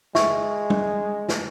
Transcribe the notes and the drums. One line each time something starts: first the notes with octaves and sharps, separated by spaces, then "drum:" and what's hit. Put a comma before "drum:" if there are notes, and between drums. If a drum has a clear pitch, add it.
G#3 E5 C#6, drum: snare
drum: tom
drum: snare